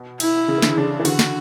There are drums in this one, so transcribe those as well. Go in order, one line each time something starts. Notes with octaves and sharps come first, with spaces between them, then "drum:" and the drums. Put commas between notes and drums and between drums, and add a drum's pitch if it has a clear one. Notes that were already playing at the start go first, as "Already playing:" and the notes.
Already playing: B2
E4, drum: cymbal
C#3
E3
D3, drum: snare
C#3 D4
E3
D3 F#4, drum: cymbal
drum: snare